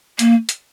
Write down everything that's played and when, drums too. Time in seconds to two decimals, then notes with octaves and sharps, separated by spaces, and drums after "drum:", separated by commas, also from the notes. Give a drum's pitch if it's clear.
0.19 A#3, drum: hi-hat
0.49 drum: hi-hat